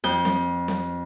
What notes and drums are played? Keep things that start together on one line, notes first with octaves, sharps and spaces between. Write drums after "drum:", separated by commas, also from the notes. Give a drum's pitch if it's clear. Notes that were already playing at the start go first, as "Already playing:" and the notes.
F2 G6
drum: snare C4
drum: snare C4